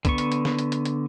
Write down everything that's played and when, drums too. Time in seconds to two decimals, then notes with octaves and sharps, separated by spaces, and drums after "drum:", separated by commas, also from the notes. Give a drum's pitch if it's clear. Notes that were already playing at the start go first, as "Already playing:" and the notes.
0.05 D3 B3 C#6, drum: kick C2, hi-hat
0.18 drum: hi-hat
0.32 drum: hi-hat
0.45 drum: snare
0.59 drum: hi-hat
0.72 drum: hi-hat
0.85 drum: hi-hat